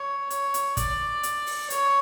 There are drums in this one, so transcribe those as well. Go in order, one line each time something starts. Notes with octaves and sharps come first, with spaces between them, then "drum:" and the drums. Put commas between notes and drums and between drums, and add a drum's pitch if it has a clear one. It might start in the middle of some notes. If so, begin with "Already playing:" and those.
Already playing: C#5
C#5, drum: hi-hat
drum: hi-hat
D5, drum: kick, hi-hat
drum: hi-hat
drum: open hi-hat
C#5, drum: hi-hat